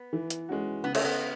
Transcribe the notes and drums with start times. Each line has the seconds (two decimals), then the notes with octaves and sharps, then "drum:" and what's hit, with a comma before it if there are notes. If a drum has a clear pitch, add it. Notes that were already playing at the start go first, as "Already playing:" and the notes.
Already playing: B3
0.13 E3
0.30 drum: hi-hat
0.49 G#3 C#4 F#4
0.84 C#3 B3
0.95 A3, drum: cymbal
1.05 B3